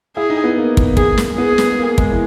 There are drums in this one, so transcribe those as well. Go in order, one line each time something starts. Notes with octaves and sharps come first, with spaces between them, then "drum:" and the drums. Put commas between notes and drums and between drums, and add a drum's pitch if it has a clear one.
E4 G#4
D#4
B3
A#3
drum: kick
G#4, drum: kick
drum: snare
B3 G#4
drum: snare
A#3
G#3, drum: kick
E3